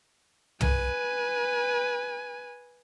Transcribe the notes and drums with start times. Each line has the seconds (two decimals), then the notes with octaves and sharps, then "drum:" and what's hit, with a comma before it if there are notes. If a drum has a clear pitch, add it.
0.61 B4 G#5, drum: tom